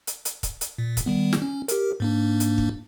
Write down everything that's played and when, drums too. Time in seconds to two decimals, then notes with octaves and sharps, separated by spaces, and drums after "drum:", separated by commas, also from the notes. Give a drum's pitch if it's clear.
0.07 drum: hi-hat
0.25 drum: hi-hat
0.43 drum: kick, hi-hat
0.61 drum: hi-hat
0.78 A#2
0.97 drum: kick, hi-hat
1.06 D#3 G3 B3
1.33 drum: snare
1.42 C#4
1.68 G4 A#4, drum: hi-hat
2.00 G#2 A#3 D4
2.40 drum: hi-hat
2.58 drum: kick